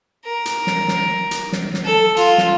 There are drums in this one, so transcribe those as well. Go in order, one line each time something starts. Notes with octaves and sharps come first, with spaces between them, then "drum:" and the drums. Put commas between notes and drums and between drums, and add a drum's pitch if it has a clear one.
A#4
drum: hi-hat
drum: snare
drum: snare
drum: hi-hat
drum: snare
drum: snare
A4
F4, drum: hi-hat
drum: snare